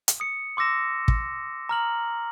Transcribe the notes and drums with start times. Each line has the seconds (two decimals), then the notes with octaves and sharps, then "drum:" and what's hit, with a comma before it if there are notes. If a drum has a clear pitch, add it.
0.08 drum: hi-hat
0.20 D#6 C#7
0.57 C6 D6 E6 A#6 E7
1.08 drum: kick
1.69 A#5 F6 F#7